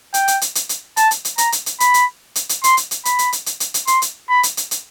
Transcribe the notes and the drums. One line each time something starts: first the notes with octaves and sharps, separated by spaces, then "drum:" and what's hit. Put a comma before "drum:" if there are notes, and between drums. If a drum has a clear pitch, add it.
G5, drum: hi-hat
drum: hi-hat
drum: hi-hat
drum: hi-hat
drum: hi-hat
A5, drum: hi-hat
drum: hi-hat
drum: hi-hat
A#5, drum: hi-hat
drum: hi-hat
drum: hi-hat
B5, drum: hi-hat
drum: hi-hat
drum: hi-hat
drum: hi-hat
C6, drum: hi-hat
drum: hi-hat
drum: hi-hat
B5, drum: hi-hat
drum: hi-hat
drum: hi-hat
drum: hi-hat
drum: hi-hat
drum: hi-hat
C6, drum: hi-hat
drum: hi-hat
B5
drum: hi-hat
drum: hi-hat
drum: hi-hat